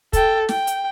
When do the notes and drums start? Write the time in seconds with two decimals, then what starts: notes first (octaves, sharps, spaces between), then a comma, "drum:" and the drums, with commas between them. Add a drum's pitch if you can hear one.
0.13 A4 G5, drum: kick, hi-hat
0.49 G5, drum: snare
0.67 drum: hi-hat